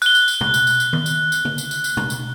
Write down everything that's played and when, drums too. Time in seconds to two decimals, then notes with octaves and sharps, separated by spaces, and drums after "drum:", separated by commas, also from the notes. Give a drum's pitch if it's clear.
0.02 F#6 G7, drum: tambourine
0.15 drum: tambourine
0.28 drum: tambourine
0.41 drum: tom B2
0.54 drum: tambourine
0.67 drum: tambourine
0.80 drum: tambourine
0.93 drum: tom D#3
1.06 drum: tambourine
1.32 drum: tambourine
1.45 drum: tom
1.58 drum: tambourine
1.71 drum: tambourine
1.84 drum: tambourine
1.97 drum: tom B2
2.10 drum: tambourine